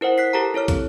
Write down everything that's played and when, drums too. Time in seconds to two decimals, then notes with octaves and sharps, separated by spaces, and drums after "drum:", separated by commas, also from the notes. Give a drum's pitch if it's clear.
0.01 E4 A#4 C5 F#5
0.18 F#6 B6 C7
0.33 G4 A4 A#4 A5 A#5
0.54 E4 A4 C#5 F6
0.68 C4, drum: kick, hi-hat